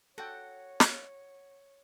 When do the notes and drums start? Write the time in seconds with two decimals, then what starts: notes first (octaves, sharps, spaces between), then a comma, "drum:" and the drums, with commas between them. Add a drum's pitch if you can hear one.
0.18 F#4 A4 C#5 F#5 G5
0.80 drum: snare